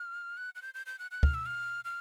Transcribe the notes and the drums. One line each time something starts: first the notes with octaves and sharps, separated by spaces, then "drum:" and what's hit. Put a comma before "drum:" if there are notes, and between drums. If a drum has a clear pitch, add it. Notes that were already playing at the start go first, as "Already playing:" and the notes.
Already playing: F6
F#6
F#6
G6
G6
G6
F#6
F#6
F6, drum: kick
E6
F6
F6